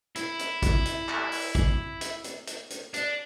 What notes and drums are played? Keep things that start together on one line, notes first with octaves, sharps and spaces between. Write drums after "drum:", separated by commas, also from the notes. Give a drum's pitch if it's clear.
E4, drum: hi-hat
drum: hi-hat
drum: kick, hi-hat
drum: hi-hat
drum: clap
drum: open hi-hat
drum: kick, hi-hat
drum: hi-hat
drum: hi-hat
drum: hi-hat
drum: hi-hat
D4, drum: hi-hat